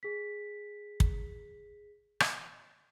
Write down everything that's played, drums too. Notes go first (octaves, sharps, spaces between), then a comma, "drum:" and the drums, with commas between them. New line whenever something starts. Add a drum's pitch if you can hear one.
G#4 B6
drum: kick
drum: rim click